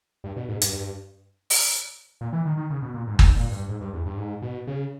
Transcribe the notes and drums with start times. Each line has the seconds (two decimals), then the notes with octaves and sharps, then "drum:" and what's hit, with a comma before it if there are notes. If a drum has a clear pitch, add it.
0.24 G2
0.37 B2
0.49 G#2
0.61 G2, drum: hi-hat
0.73 G2
1.50 drum: open hi-hat
2.21 A#2
2.33 E3
2.45 D#3
2.57 D#3
2.70 C#3
2.82 B2
2.94 A#2
3.07 G#2
3.15 G2
3.19 G#2, drum: kick G1
3.36 A#2
3.51 G2
3.69 G#2
3.81 G2
3.93 E2
4.06 G2
4.17 G#2
4.42 B2
4.67 C#3